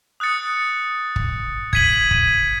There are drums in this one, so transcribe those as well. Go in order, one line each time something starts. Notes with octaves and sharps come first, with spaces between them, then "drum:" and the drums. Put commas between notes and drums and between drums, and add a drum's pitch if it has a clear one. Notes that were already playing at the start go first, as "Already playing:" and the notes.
D#6 F#6 A6 C#7
drum: kick
G#6 B6 D#7 F#7, drum: kick
drum: kick